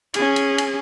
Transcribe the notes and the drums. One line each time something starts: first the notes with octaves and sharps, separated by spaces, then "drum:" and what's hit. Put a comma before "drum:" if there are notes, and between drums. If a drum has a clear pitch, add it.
C#4 G#4, drum: cymbal
drum: cymbal
drum: cymbal